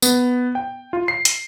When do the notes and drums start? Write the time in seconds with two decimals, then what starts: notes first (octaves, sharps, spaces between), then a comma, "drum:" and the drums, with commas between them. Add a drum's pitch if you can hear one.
0.02 B3, drum: tambourine
0.55 G5
0.93 F4
1.08 C7
1.25 drum: hi-hat